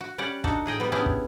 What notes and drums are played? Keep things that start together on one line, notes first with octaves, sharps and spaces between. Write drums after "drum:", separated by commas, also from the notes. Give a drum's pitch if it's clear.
F#4
G3 C#4 G4 D5 F#5
D4 D#4 F#4 A4, drum: kick
A2 G#4 D#5 G5
G3 B3
B3 C#4 D4 E4 G4 G#4
drum: kick